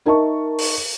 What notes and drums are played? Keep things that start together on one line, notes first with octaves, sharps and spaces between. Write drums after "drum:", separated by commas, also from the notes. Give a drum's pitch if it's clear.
D#4 A#4 D#5 E5 A5 C#6
drum: open hi-hat